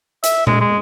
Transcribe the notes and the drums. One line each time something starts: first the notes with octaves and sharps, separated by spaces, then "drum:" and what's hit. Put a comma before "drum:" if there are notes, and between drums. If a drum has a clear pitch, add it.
E5, drum: hi-hat
G#3, drum: tom A#2
G#3